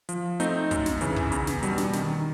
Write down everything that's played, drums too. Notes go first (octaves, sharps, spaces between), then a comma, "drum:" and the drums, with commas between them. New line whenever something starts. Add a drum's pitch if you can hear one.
F3, drum: hi-hat
A3 C4 D#4, drum: hi-hat
F#2, drum: kick, hi-hat
drum: snare
C#3 E3, drum: hi-hat
drum: kick
E2, drum: hi-hat
drum: snare
B2 G3, drum: hi-hat
drum: snare
D#3, drum: snare